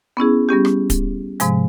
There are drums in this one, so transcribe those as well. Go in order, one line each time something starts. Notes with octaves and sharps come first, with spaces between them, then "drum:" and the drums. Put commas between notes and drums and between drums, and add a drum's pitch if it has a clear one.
B3 C#4 E4 G#4
G3 B3 C#4 G4
drum: rim click
drum: kick D1, hi-hat
G#2 C3 F3 G#3, drum: hi-hat